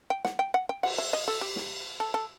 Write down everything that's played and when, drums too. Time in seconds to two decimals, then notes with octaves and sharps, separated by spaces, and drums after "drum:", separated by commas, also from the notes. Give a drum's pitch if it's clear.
0.10 G5
0.25 F#5, drum: snare
0.39 G5
0.54 F#5
0.69 G5
0.83 F#5, drum: cymbal
0.98 E5
1.13 D#5
1.28 A4
1.41 G4
1.56 drum: snare
2.00 A4
2.14 A4